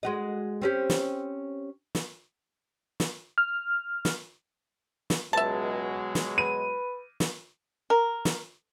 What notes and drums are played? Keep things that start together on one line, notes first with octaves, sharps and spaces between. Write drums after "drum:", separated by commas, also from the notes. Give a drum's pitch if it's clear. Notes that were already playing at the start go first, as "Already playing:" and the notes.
G#3 F#4 D#5
C4 C#4 G4
drum: snare
drum: snare
drum: snare
F6
drum: snare
drum: snare
C#2 B2 F#3 G#3 E5 A5
drum: snare
B4 D#7
drum: snare
A#4
drum: snare